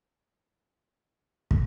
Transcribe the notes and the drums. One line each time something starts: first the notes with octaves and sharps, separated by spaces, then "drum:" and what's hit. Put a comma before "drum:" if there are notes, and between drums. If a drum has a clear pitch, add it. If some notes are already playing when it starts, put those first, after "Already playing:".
G4 G6
C4 E5
drum: kick